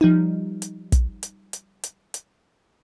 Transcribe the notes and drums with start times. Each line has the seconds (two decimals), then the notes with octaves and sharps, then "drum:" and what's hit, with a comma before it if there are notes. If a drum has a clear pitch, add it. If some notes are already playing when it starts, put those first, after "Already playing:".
0.01 F3 G3 D#4
0.62 drum: hi-hat
0.92 drum: kick, hi-hat
1.23 drum: hi-hat
1.53 drum: hi-hat
1.84 drum: hi-hat
2.14 drum: hi-hat